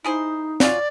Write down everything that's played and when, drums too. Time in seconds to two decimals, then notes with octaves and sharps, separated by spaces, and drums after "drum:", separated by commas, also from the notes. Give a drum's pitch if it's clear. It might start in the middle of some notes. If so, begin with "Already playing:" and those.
0.04 D#4 E4 G#4 C5
0.60 F#3 C#4 F4 D5, drum: snare